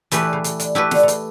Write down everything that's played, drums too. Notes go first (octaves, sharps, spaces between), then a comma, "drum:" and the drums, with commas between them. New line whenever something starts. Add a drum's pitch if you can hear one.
C#3 E3 A3 E4 G4 B4, drum: hi-hat
D3
C#3
C#3, drum: hi-hat
D3, drum: hi-hat
F#3 A3 E4 G4 B4
D3, drum: snare
D3
C#3, drum: hi-hat